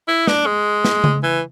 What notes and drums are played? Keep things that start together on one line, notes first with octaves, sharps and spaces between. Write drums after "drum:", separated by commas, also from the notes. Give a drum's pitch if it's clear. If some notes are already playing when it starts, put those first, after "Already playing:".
E4
D4, drum: snare
G#3
drum: snare
drum: tom C#3
E3